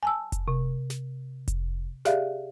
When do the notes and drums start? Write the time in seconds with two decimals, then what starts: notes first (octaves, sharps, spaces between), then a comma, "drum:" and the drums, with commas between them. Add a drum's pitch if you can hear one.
0.03 G#5 A5 E6
0.32 drum: kick F1, hi-hat
0.48 C3
0.90 drum: snare
1.48 drum: kick F1, hi-hat
2.05 G4 G#4 D5 E5 F5, drum: snare